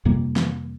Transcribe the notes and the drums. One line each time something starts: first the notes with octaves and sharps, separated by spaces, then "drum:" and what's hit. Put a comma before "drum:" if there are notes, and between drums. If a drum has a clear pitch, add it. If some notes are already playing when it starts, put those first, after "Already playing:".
F2 C3 G3 A#3
drum: snare